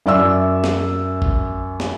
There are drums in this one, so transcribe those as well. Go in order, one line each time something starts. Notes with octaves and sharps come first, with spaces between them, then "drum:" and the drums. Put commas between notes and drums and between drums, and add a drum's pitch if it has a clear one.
F#2 D5 E5 E6
drum: snare
drum: kick
drum: snare